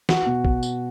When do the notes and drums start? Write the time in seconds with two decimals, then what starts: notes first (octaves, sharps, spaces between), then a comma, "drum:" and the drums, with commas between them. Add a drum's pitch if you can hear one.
0.09 F#4, drum: snare
0.26 B2
0.45 drum: kick
0.63 drum: tambourine